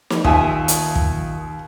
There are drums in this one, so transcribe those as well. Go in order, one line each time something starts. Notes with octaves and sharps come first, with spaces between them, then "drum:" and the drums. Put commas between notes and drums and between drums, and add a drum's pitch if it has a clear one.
drum: snare
D#2 D#3 F4 E5 G#5 D#6, drum: kick
drum: hi-hat
drum: kick